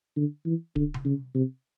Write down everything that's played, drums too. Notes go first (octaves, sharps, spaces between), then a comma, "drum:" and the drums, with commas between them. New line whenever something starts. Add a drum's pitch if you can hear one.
D3
E3
D3, drum: kick D1
drum: tom C3
C#3
C3